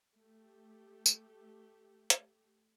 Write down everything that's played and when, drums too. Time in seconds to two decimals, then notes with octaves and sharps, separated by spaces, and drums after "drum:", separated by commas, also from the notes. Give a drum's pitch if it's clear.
0.19 A3 G4
1.06 drum: tambourine
2.10 drum: hi-hat